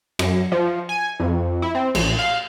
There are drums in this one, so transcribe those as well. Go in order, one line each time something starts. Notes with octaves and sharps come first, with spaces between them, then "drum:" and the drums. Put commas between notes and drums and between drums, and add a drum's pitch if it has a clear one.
F#2, drum: cymbal
F3
G#5
F2
E4
C4
A#1, drum: cymbal
F5